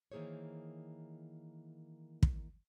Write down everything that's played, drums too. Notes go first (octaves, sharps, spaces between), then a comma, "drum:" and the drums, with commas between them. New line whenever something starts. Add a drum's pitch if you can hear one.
D#3 E3 A#3 G#4 C5 C#5
drum: kick